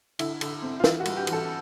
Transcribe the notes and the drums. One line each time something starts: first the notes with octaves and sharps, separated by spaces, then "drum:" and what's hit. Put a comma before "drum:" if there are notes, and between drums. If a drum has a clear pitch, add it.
D3 E4, drum: cymbal
D3, drum: cymbal
C4
F4
E3 E4, drum: snare
F#4
G3, drum: cymbal
G4
E3, drum: cymbal
A4